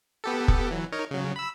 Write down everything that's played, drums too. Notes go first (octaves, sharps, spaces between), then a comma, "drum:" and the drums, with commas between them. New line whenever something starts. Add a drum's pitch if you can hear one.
B3 G4 A4
drum: kick
E3 F#3
D#4 A#4 C#5
C#3 F#3
B5 E6